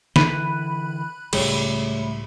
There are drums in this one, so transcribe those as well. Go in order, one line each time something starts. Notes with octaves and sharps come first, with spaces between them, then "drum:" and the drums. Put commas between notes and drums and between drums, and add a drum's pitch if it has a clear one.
D3 E3 B5 F#6 D#7, drum: snare
C#2 A2 C#3 G3 A3 G#4 C#5 B5, drum: cymbal